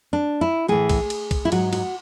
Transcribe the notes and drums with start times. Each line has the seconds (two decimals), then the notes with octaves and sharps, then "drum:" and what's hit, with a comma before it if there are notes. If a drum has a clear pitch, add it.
0.13 D4
0.41 E4
0.68 A2 E3 G#4
0.89 drum: kick, cymbal
1.10 drum: cymbal
1.31 drum: kick, cymbal
1.45 E4
1.52 G#2 F#3 F#4, drum: cymbal
1.73 F#4, drum: cymbal